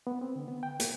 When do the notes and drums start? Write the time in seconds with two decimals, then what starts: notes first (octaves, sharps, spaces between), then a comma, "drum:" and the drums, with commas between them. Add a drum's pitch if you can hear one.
0.07 B3
0.21 C4
0.36 D3
0.48 B3
0.63 G5
0.80 A#3, drum: hi-hat